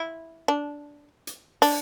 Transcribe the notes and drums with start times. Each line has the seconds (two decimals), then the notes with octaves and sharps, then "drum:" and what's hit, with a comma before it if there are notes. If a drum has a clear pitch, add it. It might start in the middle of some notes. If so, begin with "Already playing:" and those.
Already playing: E4
0.48 D4
1.27 drum: hi-hat
1.62 D4, drum: open hi-hat